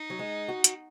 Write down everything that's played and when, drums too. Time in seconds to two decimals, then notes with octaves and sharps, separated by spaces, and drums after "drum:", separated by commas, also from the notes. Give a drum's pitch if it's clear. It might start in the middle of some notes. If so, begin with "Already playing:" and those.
Already playing: D#4
0.10 F#3
0.19 G#3
0.48 F#4
0.64 drum: hi-hat